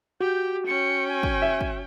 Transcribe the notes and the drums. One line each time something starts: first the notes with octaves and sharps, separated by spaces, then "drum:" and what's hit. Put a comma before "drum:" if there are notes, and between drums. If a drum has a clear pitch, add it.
F#4 G4 G6
C#4 G5 C#7
G#5
drum: kick
E5
drum: kick